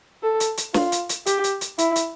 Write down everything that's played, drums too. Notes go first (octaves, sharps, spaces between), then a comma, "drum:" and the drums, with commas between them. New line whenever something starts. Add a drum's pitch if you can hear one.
A4
drum: hi-hat
drum: hi-hat
F4, drum: snare
drum: hi-hat
drum: hi-hat
G4, drum: hi-hat
drum: hi-hat
drum: hi-hat
E4, drum: hi-hat
drum: hi-hat